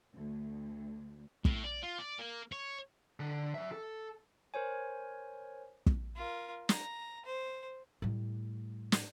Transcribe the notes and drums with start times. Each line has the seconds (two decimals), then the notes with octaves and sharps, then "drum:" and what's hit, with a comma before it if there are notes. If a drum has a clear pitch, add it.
0.16 D2
1.45 A2, drum: kick
1.64 D5
1.83 F4
1.98 D5
2.19 A#3
2.52 C#5
3.20 D3
3.54 F#3 E5
3.72 A4
4.54 A#4 C5 C#5 G#5
5.86 drum: kick
6.16 F4 A#4
6.69 A#5, drum: snare
7.25 C5
8.02 A2 G3
8.92 drum: snare